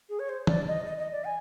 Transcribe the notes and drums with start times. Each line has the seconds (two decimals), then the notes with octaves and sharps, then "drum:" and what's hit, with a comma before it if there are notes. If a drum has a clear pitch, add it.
0.09 G#4
0.19 C#5
0.29 C5
0.47 D5, drum: tom E3
0.68 D#5
0.86 D#5
0.98 D#5
1.12 D5
1.24 G#5